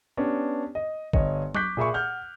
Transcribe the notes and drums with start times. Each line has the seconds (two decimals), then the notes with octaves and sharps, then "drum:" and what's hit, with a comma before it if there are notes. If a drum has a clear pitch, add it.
0.17 B3 C#4 D4 G4
0.75 D#5
1.13 G1 C#5 D#5, drum: kick
1.54 C#6 D6 F#6 G6 B6, drum: tom F#3
1.77 A#2 G#4 E5 B5 C#6
1.94 F#5 F6 G6